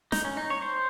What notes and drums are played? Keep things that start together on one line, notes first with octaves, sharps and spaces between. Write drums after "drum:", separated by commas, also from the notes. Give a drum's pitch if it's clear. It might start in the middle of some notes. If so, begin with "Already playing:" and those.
D#4, drum: snare
C#4
D#4
C#5
C5